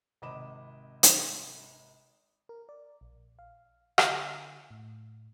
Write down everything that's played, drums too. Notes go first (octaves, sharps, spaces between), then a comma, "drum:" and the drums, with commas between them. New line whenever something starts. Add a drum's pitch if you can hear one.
G#1 C3 D#5 B5 D6 E7
drum: hi-hat
A#4
D5
A#1
F5
D3, drum: rim click
A2